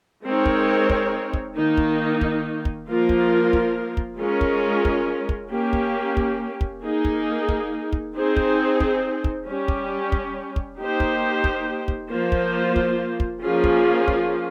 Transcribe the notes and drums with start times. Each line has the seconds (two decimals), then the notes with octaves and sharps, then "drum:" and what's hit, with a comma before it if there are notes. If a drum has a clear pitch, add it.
0.24 G#3 C4 D#4 A#4 C#5
0.46 drum: kick
0.90 drum: kick
1.34 drum: kick
1.55 D#3 A#3 D#4
1.78 drum: kick
2.21 drum: kick
2.65 drum: kick
2.87 F3 A#3 F4 A#4
3.09 drum: kick
3.53 drum: kick
3.97 drum: kick
4.19 G#3 C#4 F4 A#4
4.41 drum: kick
4.85 drum: kick
5.29 drum: kick
5.51 A#3 C#4 G4
5.73 drum: kick
6.17 drum: kick
6.61 drum: kick
6.82 A#3 D#4 G#4
7.05 drum: kick
7.49 drum: kick
7.93 drum: kick
8.15 C4 D#4 G#4 C5
8.37 drum: kick
8.81 drum: kick
9.24 drum: kick
9.46 G3 C#4 G4
9.68 drum: kick
10.12 drum: kick
10.56 drum: kick
10.79 A#3 D#4 G4 C5
11.00 drum: kick
11.44 drum: kick
11.88 drum: kick
12.11 F3 A#3 F4 C5
12.32 drum: kick
12.76 drum: kick
13.20 drum: kick
13.42 F3 A#3 C#4 F4 G#4
13.64 drum: kick
14.08 drum: kick